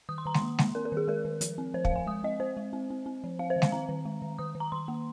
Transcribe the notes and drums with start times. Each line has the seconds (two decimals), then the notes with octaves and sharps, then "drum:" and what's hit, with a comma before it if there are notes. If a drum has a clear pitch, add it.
0.09 D#3 D#6
0.18 C6
0.26 D#3 A#5
0.34 C6, drum: snare G#3
0.42 A#3
0.59 A#3, drum: snare G#3
0.75 C4 A#4
0.85 A#4
0.92 D#3 G#4
1.08 G#3 A#4
1.25 D#3
1.41 F3, drum: hi-hat
1.58 C4
1.74 F3 C5
1.85 F5, drum: kick
1.91 F3 G#5
2.07 G#3 D#6
2.24 C4 D#5
2.40 C4 C5
2.57 G#3
2.73 C4
2.90 C4
3.06 C4
3.24 F3
3.39 C4 F5
3.50 C5
3.56 D#3
3.62 F5, drum: snare G#3
3.72 C4 A#5
3.89 D#3
4.05 G#3
4.22 D#3
4.39 D#3 D#6
4.55 D#3
4.60 A#5
4.72 D#3 C6
4.88 A#3